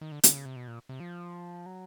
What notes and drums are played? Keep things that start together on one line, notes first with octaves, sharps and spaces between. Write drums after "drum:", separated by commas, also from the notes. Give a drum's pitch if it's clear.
D#3
D3
D3, drum: hi-hat
C#3
C3
B2
A#2
C3
F3
F#3